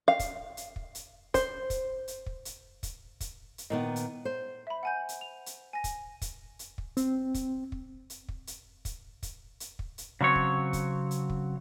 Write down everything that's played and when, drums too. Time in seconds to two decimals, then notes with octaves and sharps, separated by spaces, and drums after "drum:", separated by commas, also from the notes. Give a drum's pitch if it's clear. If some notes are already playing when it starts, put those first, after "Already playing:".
0.08 F5
0.19 drum: kick, hi-hat
0.57 drum: hi-hat
0.76 drum: kick
0.95 drum: hi-hat
1.34 C5, drum: kick, hi-hat
1.70 drum: kick, hi-hat
2.08 drum: hi-hat
2.26 drum: kick
2.45 drum: hi-hat
2.83 drum: kick, hi-hat
3.20 drum: kick, hi-hat
3.58 drum: hi-hat
3.70 A#2 D#3 B3 D#5
3.96 drum: hi-hat
4.25 C5
4.67 E5 B5
4.83 F#5 G#5 G6
5.09 drum: hi-hat
5.21 F7
5.46 drum: hi-hat
5.73 G#5 A#6
5.84 drum: kick, hi-hat
6.22 drum: kick, hi-hat
6.59 drum: hi-hat
6.78 drum: kick
6.97 C4, drum: hi-hat
7.34 drum: kick, hi-hat
7.72 drum: kick
8.10 drum: hi-hat
8.29 drum: kick
8.47 drum: hi-hat
8.85 drum: kick, hi-hat
9.23 drum: kick, hi-hat
9.60 drum: hi-hat
9.79 drum: kick
9.98 drum: hi-hat
10.21 C#3 F#3 C4 C#5
10.35 drum: kick
10.73 drum: kick, hi-hat
11.11 drum: hi-hat
11.30 drum: kick